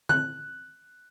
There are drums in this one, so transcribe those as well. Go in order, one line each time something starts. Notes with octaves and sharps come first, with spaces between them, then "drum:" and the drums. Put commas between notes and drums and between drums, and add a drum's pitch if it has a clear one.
F#6, drum: tom D3